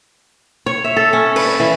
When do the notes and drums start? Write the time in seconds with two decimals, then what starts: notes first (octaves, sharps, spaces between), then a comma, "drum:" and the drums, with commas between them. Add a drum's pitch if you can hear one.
0.66 C#5
0.84 E5
0.97 A4
1.13 C#4
1.36 B4, drum: cymbal
1.60 E3